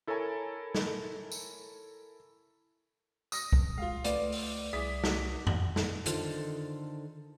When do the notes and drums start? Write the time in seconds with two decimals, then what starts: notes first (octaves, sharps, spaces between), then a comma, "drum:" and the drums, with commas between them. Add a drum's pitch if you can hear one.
0.07 E4 A4 A#4 C#5 G#5 A#5
0.75 drum: snare
1.32 drum: tambourine
3.32 D#6 A#6, drum: tambourine
3.53 drum: kick
3.78 G#3 F4 F5
4.04 C#2 A3 B4 D5, drum: hi-hat
4.32 drum: open hi-hat
4.73 C2 E4 G#4 D6 D#6 B6
5.04 C2 F#3 F#4 B6, drum: snare
5.47 drum: tom F2
5.76 drum: snare
6.06 D3 D#3 F4 A4 C5, drum: hi-hat